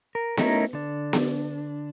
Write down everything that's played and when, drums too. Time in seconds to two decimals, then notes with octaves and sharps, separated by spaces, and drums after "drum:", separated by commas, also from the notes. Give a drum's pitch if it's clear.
0.15 A#4
0.37 A3 C#4 D#4 E4 A#4, drum: snare B3
0.73 D3 D4
1.13 drum: snare B3